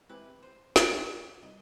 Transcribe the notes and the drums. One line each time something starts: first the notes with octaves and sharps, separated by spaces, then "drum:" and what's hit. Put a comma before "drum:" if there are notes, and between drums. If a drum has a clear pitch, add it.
E3 G#3 C4 E4 G4 B4
C5
G#2 D#3 G3 C4 F4 D5, drum: snare
C3 D#3 G3 D#5